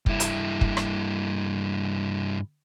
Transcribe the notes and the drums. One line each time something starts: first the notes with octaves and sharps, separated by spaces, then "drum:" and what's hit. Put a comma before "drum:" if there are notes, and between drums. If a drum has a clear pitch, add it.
G2 E4, drum: kick
drum: hi-hat
drum: kick
drum: rim click